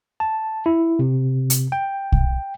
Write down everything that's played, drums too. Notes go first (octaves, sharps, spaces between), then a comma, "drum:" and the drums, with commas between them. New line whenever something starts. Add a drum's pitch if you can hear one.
A5
E4
C3
drum: hi-hat
G5
drum: kick